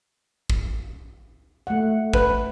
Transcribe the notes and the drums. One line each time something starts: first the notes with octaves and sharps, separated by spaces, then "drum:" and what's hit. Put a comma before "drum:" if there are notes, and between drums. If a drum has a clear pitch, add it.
drum: kick
A3 F#5
B4, drum: kick